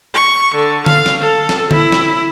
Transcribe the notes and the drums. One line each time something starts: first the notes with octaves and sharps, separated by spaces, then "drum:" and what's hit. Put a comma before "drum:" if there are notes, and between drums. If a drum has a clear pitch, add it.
C#6
D3
F5, drum: tom D3
drum: snare
A4
drum: snare
E4, drum: tom D3
drum: snare